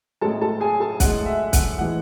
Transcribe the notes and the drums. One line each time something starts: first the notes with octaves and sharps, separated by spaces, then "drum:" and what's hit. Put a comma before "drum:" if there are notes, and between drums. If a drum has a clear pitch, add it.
A2 G#3 A4 A5
A4 A5
G#4 G#5
A4 A5
A2 G#3 F#5, drum: kick, hi-hat
E5
F#5, drum: kick, hi-hat
A2 E3 G#3 F#5